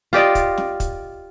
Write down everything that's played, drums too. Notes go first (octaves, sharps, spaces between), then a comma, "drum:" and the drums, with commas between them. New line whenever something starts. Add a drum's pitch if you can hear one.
F4 G4 D5 D#5
drum: kick, hi-hat
drum: snare
drum: kick, hi-hat